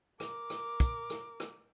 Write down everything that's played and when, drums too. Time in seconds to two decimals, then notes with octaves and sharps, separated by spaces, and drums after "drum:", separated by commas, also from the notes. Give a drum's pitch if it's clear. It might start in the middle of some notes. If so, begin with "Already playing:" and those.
0.20 A#4 D6, drum: rim click
0.50 drum: rim click
0.80 drum: kick, hi-hat
1.10 drum: rim click
1.40 drum: rim click